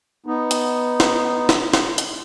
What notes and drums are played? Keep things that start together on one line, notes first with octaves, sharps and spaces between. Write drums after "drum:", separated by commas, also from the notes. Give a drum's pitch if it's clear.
B3 D#4
drum: hi-hat
drum: snare
drum: snare
drum: snare
drum: hi-hat